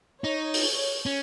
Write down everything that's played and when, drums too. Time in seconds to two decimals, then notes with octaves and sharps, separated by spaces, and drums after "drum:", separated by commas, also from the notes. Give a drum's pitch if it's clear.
0.23 D#4 C#5
0.54 drum: open hi-hat
1.06 C#4